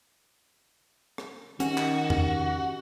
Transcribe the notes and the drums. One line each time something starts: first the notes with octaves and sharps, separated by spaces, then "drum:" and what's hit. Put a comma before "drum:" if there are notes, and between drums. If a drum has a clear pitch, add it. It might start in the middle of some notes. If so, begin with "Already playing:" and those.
drum: rim click
D#3 C#4 F#4 G4, drum: hi-hat
drum: clap
drum: tom E2